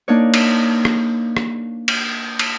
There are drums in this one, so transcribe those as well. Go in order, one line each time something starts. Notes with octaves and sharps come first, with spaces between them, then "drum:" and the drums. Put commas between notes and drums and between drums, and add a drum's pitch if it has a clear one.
A#3 D4 D#4 C#5
drum: cymbal
drum: rim click
drum: rim click
drum: cymbal
drum: cymbal